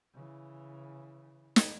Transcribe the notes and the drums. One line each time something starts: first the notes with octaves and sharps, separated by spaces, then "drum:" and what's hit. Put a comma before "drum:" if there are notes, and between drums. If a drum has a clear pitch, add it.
C#3 E3
drum: snare